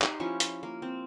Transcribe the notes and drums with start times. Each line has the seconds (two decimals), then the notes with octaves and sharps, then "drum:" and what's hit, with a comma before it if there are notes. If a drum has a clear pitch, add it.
0.01 D#4 G4 C6, drum: clap
0.20 F3 C#4 E4 C#6
0.40 drum: hi-hat
0.63 A#3
0.82 C4